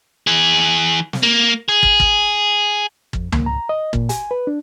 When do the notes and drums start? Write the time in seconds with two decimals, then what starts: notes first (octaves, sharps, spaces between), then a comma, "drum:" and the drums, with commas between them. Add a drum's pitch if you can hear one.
0.27 E3 G#4
1.13 drum: snare
1.23 A#3
1.69 G#4
1.83 drum: kick
2.00 drum: kick
3.13 F2, drum: kick
3.32 A#3, drum: tom C#2
3.46 A#5
3.69 D#5
3.93 A#2, drum: kick
4.09 G#5, drum: hi-hat
4.31 B4
4.47 D4